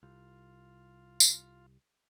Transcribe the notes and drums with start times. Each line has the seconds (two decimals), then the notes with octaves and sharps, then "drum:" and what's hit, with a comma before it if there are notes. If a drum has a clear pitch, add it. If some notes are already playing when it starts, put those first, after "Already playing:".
0.03 C2 F4
1.20 drum: tambourine